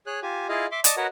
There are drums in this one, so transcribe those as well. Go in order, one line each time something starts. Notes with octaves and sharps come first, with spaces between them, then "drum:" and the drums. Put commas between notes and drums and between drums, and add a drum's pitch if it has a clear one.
G#4 C#5 F#6
F4 G4 G#5
E4 F4 G#4 D#5 F5
E5 C6 D6
D5 D#5 A5 C#6 D#6, drum: hi-hat
F#4 A#4 B4 C#5 D#5 F#5